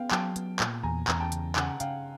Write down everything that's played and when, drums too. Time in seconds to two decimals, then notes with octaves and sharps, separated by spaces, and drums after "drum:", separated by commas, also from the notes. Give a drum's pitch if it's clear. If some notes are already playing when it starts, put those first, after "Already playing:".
Already playing: B3 F5 G5
0.11 F#3 G5 A5, drum: clap
0.36 B3, drum: hi-hat
0.60 A#2, drum: clap
0.83 E2 G#5 A#5
1.08 E2 A#5, drum: clap
1.20 G5 A5
1.32 C#3, drum: hi-hat
1.56 C#3 F#5 G#5, drum: clap
1.80 C#3 F5 G5, drum: hi-hat